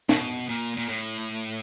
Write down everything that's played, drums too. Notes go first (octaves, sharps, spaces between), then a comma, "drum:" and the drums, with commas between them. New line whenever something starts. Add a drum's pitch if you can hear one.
B2, drum: snare
A#2
A#2
A2